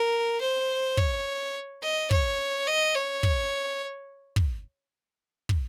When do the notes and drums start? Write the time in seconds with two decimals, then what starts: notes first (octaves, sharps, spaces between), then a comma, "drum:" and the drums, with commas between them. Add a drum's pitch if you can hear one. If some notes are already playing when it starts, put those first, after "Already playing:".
Already playing: A#4
0.40 C5
0.97 C#5, drum: kick
1.82 D#5
2.11 C#5, drum: kick
2.67 D#5
2.95 C#5
3.23 drum: kick
4.36 drum: kick
5.49 drum: kick